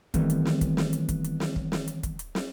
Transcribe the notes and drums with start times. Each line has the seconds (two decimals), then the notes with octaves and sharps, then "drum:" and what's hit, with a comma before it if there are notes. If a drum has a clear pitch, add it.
0.14 D#3 E3 G3 A3 B3 C4, drum: kick, hi-hat
0.30 drum: hi-hat
0.45 drum: snare
0.61 drum: kick, hi-hat
0.77 drum: snare
0.93 drum: hi-hat
1.09 drum: kick, hi-hat
1.24 drum: hi-hat
1.40 drum: snare
1.56 drum: kick
1.72 drum: snare
1.88 drum: hi-hat
2.03 drum: kick, hi-hat
2.19 drum: hi-hat
2.35 drum: snare